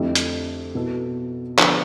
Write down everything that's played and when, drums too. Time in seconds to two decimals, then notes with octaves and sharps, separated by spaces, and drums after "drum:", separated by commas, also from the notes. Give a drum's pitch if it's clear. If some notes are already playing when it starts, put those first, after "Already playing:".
Already playing: F2 D3 A3 E4 G4
0.15 drum: hi-hat
0.75 B2 B3 E4 A4
1.58 D3 F3 B3 F4, drum: clap